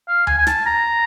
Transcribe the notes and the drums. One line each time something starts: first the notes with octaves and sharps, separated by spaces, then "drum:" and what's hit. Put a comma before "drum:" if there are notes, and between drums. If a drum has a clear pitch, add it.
F5
G#5, drum: tom D2
G#5
A5, drum: snare
A#5